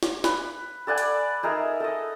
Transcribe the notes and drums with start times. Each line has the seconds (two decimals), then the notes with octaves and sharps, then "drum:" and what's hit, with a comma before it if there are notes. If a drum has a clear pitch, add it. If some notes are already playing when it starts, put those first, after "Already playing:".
0.03 drum: snare
0.24 B4, drum: snare
0.87 A4 D5 F#5 G#5
0.98 drum: hi-hat
1.43 D#4 G#4 A#4 E5
1.80 A4 D#5